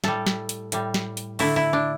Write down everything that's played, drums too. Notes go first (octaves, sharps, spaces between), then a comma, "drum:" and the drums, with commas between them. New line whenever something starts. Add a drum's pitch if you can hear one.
A2 G3 A4, drum: snare
drum: snare
drum: hi-hat
A2 G3, drum: hi-hat
drum: snare
drum: hi-hat
D3 A3 E4, drum: open hi-hat
E4
D4